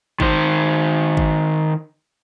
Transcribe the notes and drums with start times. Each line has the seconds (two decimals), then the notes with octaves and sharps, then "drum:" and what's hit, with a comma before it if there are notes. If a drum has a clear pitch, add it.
0.20 D#3 C5, drum: kick G#1
1.17 drum: kick G#1